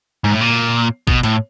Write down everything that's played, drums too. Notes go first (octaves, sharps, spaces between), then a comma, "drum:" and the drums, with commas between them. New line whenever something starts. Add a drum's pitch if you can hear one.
G#2
A2
A#2
B2, drum: kick A1
A2, drum: hi-hat